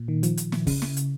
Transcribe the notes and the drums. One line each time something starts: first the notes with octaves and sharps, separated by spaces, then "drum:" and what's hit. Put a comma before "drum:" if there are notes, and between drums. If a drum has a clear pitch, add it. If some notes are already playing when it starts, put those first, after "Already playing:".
Already playing: A#2
D#3
F3, drum: hi-hat
drum: hi-hat
drum: snare
C#3, drum: kick, open hi-hat
drum: snare
drum: hi-hat